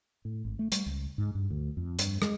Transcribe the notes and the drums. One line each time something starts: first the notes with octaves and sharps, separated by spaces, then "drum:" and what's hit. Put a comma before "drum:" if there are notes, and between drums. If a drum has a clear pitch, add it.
A2
G#1
A3
G3, drum: hi-hat
C#2
G#2
G2
D2
F2
G2, drum: hi-hat
G#3, drum: rim click